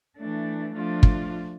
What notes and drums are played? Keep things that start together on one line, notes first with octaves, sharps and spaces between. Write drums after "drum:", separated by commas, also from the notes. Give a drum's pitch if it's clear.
E3 A3 D4
F3 A3 D4 F4
drum: kick